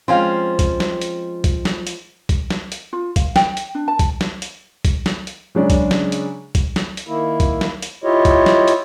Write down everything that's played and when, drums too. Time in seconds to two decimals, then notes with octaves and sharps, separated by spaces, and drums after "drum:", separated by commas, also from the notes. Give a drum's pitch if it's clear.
0.08 F3 G#3 C4 C#4 F5
0.59 drum: kick B1, hi-hat
0.80 drum: snare
1.01 drum: hi-hat
1.44 drum: kick B1, hi-hat
1.65 drum: snare
1.87 drum: hi-hat
2.29 drum: kick B1, hi-hat
2.50 drum: snare
2.72 drum: hi-hat
2.93 F4
3.16 F5, drum: kick B1, hi-hat
3.36 G5, drum: snare
3.57 drum: hi-hat
3.75 D4
3.88 A5
3.99 drum: kick B1, hi-hat
4.21 drum: snare
4.42 drum: hi-hat
4.85 drum: kick B1, hi-hat
5.06 drum: snare
5.27 drum: hi-hat
5.55 C#3 F#3 G#3 C#4 D4
5.70 drum: kick B1, hi-hat
5.91 drum: snare
6.12 drum: hi-hat
6.55 drum: kick B1, hi-hat
6.76 drum: snare
6.97 drum: hi-hat
7.08 D#3 A#3 E4
7.40 drum: kick B1, hi-hat
7.61 drum: snare
7.82 drum: hi-hat
8.04 E4 F4 G4 C#5 D#5
8.25 drum: kick B1, hi-hat
8.46 drum: snare
8.68 drum: hi-hat